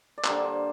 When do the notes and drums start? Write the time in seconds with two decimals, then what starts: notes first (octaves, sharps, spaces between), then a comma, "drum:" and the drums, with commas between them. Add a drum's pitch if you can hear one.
0.18 D5
0.25 D3 G3 A#3 C5, drum: clap
0.44 C5